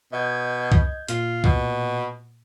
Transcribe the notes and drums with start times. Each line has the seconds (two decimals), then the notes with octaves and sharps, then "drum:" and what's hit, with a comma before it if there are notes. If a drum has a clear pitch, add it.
0.13 B2 D#5 G6 G#6
0.72 drum: kick
1.08 A#2 F4, drum: hi-hat
1.44 B2, drum: kick